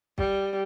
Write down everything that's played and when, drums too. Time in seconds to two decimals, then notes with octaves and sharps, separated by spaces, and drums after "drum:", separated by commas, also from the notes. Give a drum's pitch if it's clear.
0.18 G3, drum: kick